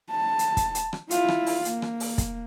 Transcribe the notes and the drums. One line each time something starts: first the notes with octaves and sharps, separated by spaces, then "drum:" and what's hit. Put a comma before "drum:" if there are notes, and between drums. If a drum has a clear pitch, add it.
A5
drum: hi-hat
drum: kick, hi-hat
drum: hi-hat
drum: rim click
E4 F4, drum: hi-hat
drum: rim click
drum: open hi-hat
A#3, drum: hi-hat
drum: rim click
drum: open hi-hat
drum: kick, hi-hat